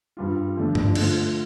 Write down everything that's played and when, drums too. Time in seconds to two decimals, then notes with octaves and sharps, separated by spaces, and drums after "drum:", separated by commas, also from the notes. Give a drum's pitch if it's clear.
0.17 G2 G3 F4
0.56 D3 F3 A3 D4
0.75 drum: tom G2
0.95 D3 A3 F4, drum: cymbal